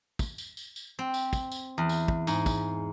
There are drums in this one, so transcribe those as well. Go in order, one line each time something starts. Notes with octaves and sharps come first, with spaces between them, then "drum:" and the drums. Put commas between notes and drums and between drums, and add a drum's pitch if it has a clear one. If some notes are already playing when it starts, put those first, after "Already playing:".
drum: kick, tambourine
drum: tambourine
drum: tambourine
drum: tambourine
C4
drum: tambourine
drum: kick, tambourine
drum: tambourine
E2
drum: tambourine
drum: kick
G#2, drum: tambourine
drum: kick, tambourine